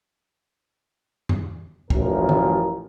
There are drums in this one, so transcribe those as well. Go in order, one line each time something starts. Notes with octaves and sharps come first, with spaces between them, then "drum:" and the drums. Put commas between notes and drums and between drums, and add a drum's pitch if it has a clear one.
drum: tom F2
A1 F#2 F3 A#4, drum: kick
drum: tom